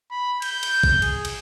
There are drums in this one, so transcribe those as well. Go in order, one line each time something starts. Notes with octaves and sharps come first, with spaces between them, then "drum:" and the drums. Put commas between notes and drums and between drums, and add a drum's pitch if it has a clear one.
B5
G6, drum: cymbal
drum: cymbal
drum: kick
G#4, drum: cymbal
drum: cymbal